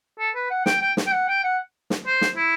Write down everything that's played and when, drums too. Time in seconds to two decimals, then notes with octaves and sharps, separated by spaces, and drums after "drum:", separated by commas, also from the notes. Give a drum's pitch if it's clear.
0.19 A4
0.35 B4
0.50 F#5
0.66 G5, drum: snare
0.82 G5
0.97 drum: snare
1.06 G5
1.12 F#5
1.28 G5
1.43 F#5
1.90 drum: snare
2.06 C5
2.21 drum: snare
2.37 E4